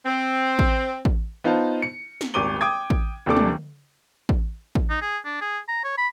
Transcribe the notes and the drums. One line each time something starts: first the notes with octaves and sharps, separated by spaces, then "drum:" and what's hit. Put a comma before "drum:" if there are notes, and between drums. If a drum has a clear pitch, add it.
C4
drum: kick A1
drum: kick A1
B3 D#4 F4 C5 A5
C#7
drum: snare
D#1 G#1 C#6 D6 D#7 G7
G5 D6 D#6 G#6
drum: kick A1
D#1 D#2 C3 D4 A4 D6
drum: tom
drum: kick A1
drum: kick A1
D#4
G#4
D4
G#4
A#5
C#5
B5